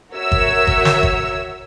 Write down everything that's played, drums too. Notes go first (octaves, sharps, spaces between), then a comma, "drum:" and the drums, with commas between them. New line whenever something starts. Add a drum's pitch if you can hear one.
F#4 A#4 C#5 E5 E6
drum: kick G1
drum: kick G1
drum: snare
drum: kick G1